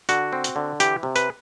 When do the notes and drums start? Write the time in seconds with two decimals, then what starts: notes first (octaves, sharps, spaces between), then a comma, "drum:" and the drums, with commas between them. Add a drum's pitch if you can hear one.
0.09 D3 F#4, drum: hi-hat
0.33 C4
0.44 drum: hi-hat
0.56 D3
0.80 E3 G4, drum: hi-hat
1.03 C3
1.16 B4, drum: hi-hat